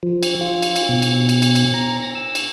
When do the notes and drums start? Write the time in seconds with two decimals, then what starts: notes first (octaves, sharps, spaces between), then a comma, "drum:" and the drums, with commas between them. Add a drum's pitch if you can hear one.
0.03 F3
0.23 drum: cymbal
0.41 F4
0.62 drum: cymbal
0.76 drum: cymbal
0.89 B2
1.02 drum: cymbal
1.29 drum: cymbal
1.42 drum: cymbal
1.55 drum: cymbal
1.74 A#5
2.03 A#6
2.15 E6
2.35 drum: cymbal